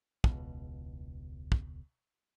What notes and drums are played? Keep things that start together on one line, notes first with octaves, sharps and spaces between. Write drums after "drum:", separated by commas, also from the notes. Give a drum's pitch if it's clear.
E1 C#2 B2, drum: kick
drum: kick